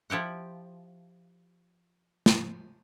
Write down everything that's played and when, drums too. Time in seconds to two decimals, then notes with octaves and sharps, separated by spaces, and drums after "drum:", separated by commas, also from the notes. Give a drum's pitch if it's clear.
0.10 F3 E4 G4 F#5
2.26 drum: snare